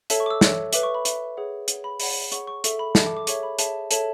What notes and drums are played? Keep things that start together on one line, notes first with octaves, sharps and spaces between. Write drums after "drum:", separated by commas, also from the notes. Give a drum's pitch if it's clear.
A4 C#5 E5 A5, drum: hi-hat
C#6
D6
E6
A4 C#5 E5, drum: snare
B4 E5 D6, drum: hi-hat
C#6
B5
B4 E5, drum: hi-hat
G#4 C#5 F#5
G#4 C#5 F#5, drum: hi-hat
B5
G#4 C#5 F#5 B5, drum: open hi-hat
G#4 C#5 F#5 C#6, drum: hi-hat
C#6
A4 E5 C#6, drum: hi-hat
B5
A4 E5 A5, drum: snare
D6
D6
G#4 C#5 E5 C#6, drum: hi-hat
B5
G#4 C#5 E5 A5, drum: hi-hat
A4 C#5 E5 A5, drum: hi-hat